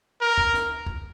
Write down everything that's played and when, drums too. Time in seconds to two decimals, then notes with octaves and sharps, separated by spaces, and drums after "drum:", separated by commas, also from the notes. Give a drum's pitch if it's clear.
0.21 A#4
0.38 drum: kick
0.54 drum: snare
0.87 drum: kick